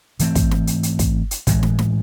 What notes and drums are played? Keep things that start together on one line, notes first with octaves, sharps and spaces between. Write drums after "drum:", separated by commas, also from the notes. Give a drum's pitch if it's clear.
G#2 E3 A3 C4, drum: hi-hat
drum: kick, hi-hat
drum: snare
drum: hi-hat
drum: hi-hat
drum: kick, hi-hat
drum: hi-hat
A2 E3 G#3, drum: kick, hi-hat
drum: snare
drum: snare